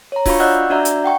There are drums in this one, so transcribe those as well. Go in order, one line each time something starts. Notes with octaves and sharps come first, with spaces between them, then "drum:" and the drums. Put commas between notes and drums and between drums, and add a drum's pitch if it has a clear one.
C#5 A#5
D4 F4 F#4 F5 B5 C#6, drum: kick C#1, open hi-hat
D5 D#5 F#5 E6 F#6 G6
D4 F#4 D5 E5 A#5 G6
drum: hi-hat
F#5 G5 C#6